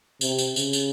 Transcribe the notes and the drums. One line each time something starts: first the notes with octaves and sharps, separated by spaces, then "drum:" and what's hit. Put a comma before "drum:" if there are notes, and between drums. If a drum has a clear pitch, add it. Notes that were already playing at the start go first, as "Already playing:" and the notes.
C3, drum: tambourine
drum: tambourine
C#3, drum: tambourine
drum: tambourine